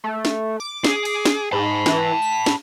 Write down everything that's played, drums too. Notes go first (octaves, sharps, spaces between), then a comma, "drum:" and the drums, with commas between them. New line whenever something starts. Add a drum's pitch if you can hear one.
A3
drum: snare
D6
G#4, drum: snare
drum: cymbal
drum: snare
G#2 A5 B5
E3, drum: snare
B6
drum: snare